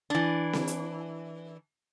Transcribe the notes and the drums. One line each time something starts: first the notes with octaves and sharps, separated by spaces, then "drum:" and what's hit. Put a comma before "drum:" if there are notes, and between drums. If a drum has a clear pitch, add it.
E3 D4
drum: snare C4
drum: hi-hat